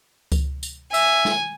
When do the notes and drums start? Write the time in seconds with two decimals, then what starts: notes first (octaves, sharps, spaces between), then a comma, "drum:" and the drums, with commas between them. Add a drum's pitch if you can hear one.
0.32 drum: kick C#2, tambourine
0.63 drum: tambourine
0.94 E5 G#5, drum: tambourine
1.25 drum: snare